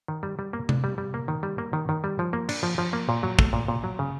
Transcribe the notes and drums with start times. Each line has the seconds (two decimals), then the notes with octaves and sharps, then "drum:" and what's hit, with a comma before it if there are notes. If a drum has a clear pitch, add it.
0.08 D#3
0.23 G3
0.39 G3
0.53 A#3
0.69 D4, drum: tom C3
0.84 G3
0.98 G3
1.14 A#3
1.28 D#3
1.43 G3
1.58 A#3
1.73 D#3
1.89 D#3
2.04 G3
2.19 F3
2.33 A#3
2.49 D4, drum: cymbal
2.63 F3
2.78 F3
2.93 A#3
3.09 A#2
3.23 F#3
3.39 A3, drum: kick
3.53 A#2
3.68 A#2
3.84 F#3
3.99 C#3